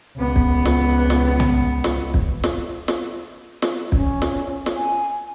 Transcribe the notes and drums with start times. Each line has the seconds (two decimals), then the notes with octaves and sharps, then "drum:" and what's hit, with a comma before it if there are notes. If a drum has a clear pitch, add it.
0.17 C#2 B3
0.36 drum: kick
0.65 drum: snare
1.10 drum: snare
1.40 drum: tom
1.84 drum: snare
2.14 drum: kick
2.44 drum: snare
2.88 drum: snare
3.62 drum: snare
3.92 C#4, drum: kick
4.22 drum: snare
4.66 drum: snare
4.76 G#5